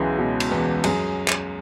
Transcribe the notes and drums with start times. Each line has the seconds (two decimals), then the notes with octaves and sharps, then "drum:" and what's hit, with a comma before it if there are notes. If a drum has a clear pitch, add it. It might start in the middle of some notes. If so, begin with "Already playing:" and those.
Already playing: C#2 C#3 E3 F#3 G#3 B3
0.18 B2
0.40 drum: cymbal
0.51 E2 B3
0.84 F#2 G#4, drum: cymbal
1.28 drum: clap